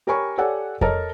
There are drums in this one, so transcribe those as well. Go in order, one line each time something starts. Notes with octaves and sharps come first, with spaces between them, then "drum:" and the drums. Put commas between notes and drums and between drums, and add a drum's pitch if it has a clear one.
G4 A#4 C#5 G#5 B5 C#6
G4 A4 C#5 D5 F#5 G#5
A4 A#4 C#5 D#5 A5 A#5, drum: kick F2